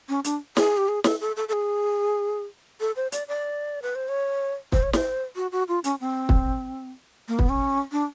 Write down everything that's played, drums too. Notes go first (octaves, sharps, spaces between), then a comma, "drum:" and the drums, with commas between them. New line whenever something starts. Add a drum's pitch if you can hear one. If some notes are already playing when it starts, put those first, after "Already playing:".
C#4
D4, drum: hi-hat
G#4, drum: snare
G4
G#4
A4, drum: snare
A4
A4
A4
G#4
A4
C5
D5, drum: hi-hat
D5
B4
C5
C#5
C5, drum: kick
C#5
C5, drum: snare
F#4
F#4
F4
C#4, drum: hi-hat
C4
drum: kick
A#3
B3, drum: kick
C#4
D4